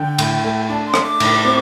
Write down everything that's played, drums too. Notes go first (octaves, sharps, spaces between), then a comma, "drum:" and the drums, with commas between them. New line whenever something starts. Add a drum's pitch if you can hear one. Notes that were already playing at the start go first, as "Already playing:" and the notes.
Already playing: D3 G5
A2, drum: cymbal
A3
D4 A5
C6
A3, drum: rim click
D6
A2, drum: cymbal
C4